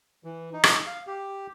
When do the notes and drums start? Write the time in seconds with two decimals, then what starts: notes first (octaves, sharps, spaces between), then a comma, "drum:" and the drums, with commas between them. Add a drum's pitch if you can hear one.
0.24 E3
0.53 D#4
0.64 drum: rim click
0.87 F5
1.07 G4